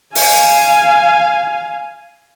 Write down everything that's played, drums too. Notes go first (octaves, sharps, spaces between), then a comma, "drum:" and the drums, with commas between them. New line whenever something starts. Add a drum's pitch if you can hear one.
F5 G#5, drum: open hi-hat